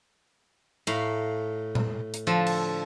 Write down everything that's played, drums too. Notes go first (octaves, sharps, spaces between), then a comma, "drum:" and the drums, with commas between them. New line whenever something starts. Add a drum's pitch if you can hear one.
A2 F5 A#5 B5, drum: cymbal
drum: tom A#2
drum: hi-hat
D3 F3 A4
drum: cymbal